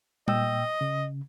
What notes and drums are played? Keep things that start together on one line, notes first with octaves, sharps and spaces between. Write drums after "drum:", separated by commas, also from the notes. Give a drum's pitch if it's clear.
A#2 D#5 G5 E6, drum: tom G3
C#3